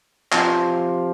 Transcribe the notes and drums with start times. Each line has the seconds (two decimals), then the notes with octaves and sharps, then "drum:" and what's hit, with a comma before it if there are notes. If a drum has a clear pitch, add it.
0.32 C3 F3, drum: clap